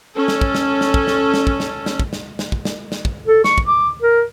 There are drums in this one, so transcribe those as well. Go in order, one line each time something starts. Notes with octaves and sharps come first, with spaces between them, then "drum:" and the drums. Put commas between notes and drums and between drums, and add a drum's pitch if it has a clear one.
C#4 A4
drum: snare
drum: kick
drum: snare
drum: snare
drum: kick
drum: snare
drum: snare
drum: kick
drum: snare
drum: snare
drum: kick
drum: snare
drum: snare
drum: kick
drum: snare
drum: snare
drum: kick
A4
C#6, drum: snare
drum: kick
D6
A#4